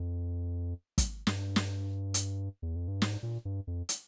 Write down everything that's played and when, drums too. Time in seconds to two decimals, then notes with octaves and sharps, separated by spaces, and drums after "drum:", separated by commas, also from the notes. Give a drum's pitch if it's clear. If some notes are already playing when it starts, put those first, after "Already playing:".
Already playing: F2
0.98 drum: kick, hi-hat
1.27 G2, drum: snare
1.56 drum: snare
2.14 drum: hi-hat
2.62 E2
2.76 F2
2.88 G2
3.02 G#2, drum: snare
3.23 A#2
3.45 G2
3.67 F2
3.89 drum: hi-hat